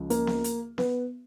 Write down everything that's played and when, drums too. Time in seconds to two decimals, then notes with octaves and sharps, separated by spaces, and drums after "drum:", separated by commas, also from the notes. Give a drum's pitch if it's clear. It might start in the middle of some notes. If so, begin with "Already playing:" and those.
Already playing: C#2 C#3 F3
0.10 A#3, drum: hi-hat
0.27 drum: snare B3
0.44 drum: hi-hat
0.78 B3, drum: snare B3